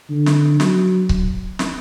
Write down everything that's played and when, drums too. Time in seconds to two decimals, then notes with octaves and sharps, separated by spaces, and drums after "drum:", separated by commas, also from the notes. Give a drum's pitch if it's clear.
0.10 D3
0.26 drum: snare
0.60 F#3, drum: snare
1.09 drum: kick C#1
1.59 drum: snare